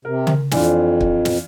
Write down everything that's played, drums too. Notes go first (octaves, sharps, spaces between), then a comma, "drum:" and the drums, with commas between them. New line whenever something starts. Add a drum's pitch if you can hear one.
C3 A#4
drum: tom C#3
F2 E3 D4 F4, drum: snare
drum: kick
drum: snare